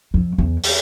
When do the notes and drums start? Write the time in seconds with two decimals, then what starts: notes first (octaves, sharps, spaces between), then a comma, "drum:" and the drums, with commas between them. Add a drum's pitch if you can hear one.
0.14 F2
0.38 E2
0.64 drum: open hi-hat